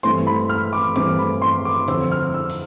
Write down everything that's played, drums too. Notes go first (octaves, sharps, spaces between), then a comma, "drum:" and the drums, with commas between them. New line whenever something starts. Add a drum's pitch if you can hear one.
G2 E3 A3 C4 C6, drum: hi-hat
B5
F6
D6
G2 E3 A3 C4 D6, drum: hi-hat
B5
C6
D6
F2 D3 F3 C4 E6, drum: hi-hat
F6
E6
drum: open hi-hat